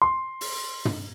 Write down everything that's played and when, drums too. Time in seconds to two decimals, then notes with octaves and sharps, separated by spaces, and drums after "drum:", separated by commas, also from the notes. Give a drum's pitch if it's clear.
0.02 C6
0.41 drum: open hi-hat
0.85 drum: tom